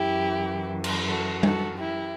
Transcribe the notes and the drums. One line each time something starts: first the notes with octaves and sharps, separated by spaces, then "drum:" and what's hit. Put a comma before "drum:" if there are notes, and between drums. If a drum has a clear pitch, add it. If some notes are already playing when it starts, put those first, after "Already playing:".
Already playing: F#2 E3 E4 G4
drum: cymbal
F#4 A4
F#4 A4, drum: tom G3
E4 G4